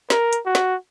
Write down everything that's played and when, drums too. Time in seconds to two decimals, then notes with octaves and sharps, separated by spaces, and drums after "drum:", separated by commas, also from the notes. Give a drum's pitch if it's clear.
0.10 A#4, drum: snare
0.33 drum: hi-hat
0.46 F#4
0.55 drum: snare